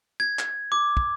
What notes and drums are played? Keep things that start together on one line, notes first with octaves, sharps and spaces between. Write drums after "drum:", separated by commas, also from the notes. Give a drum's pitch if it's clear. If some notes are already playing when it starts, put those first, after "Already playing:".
G#6
drum: clap
D6
drum: kick